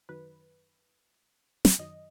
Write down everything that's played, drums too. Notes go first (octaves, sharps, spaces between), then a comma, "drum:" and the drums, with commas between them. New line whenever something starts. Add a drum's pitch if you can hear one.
F#2 D#3 F#3 B4
drum: snare
F#2 D#3 F#3 D#5